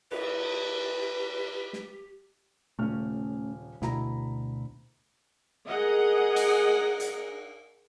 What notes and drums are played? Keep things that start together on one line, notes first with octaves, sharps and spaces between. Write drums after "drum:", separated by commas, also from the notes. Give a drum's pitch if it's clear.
G4 B4, drum: cymbal
drum: snare
D#1 C#3 A3 C#4 F6
D2 B2 E4 A#5, drum: snare
G#4 A#4 D#5 F#5
drum: cymbal
drum: hi-hat